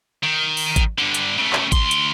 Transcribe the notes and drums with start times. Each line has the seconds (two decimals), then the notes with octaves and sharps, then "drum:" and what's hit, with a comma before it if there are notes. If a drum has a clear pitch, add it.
0.23 D#3
0.57 drum: open hi-hat
0.76 drum: kick G#1, hi-hat
0.98 G2 D3
1.14 drum: hi-hat
1.38 C#3 A3
1.53 drum: clap
1.72 D2 C6, drum: kick G#1, hi-hat
1.91 drum: hi-hat